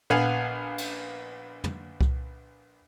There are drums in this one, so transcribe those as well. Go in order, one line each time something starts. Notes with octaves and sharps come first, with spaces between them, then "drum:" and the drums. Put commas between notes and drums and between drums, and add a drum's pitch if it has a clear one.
A#1 B3 F5 F#5 G#5, drum: tom
drum: cymbal
drum: tom
drum: kick C2